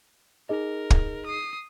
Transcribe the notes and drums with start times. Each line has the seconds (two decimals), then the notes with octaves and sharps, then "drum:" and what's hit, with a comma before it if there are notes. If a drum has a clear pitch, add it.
0.49 D#4 G#4 A#4 D#5
0.90 drum: kick
1.25 D#6 C7